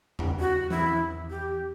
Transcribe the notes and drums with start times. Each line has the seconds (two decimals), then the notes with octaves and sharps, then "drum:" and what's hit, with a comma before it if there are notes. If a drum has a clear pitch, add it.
0.19 drum: tom E2
0.40 F#4
0.70 E4, drum: tom E3
1.30 G4